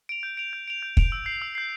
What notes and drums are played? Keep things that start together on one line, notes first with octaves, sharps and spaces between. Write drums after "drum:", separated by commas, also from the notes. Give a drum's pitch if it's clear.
D7 F7
G6
D7 F7
G6
D7 F7
G6
D7 F7, drum: kick
E6
G6 C7
E6
G6 C7